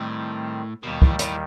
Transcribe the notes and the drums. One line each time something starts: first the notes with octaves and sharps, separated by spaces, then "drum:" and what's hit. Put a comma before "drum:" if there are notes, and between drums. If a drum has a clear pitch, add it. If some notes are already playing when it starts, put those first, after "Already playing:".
Already playing: A2 D#3 G3 C4
D#2 B2 D#3 G3
A2, drum: kick
A2, drum: hi-hat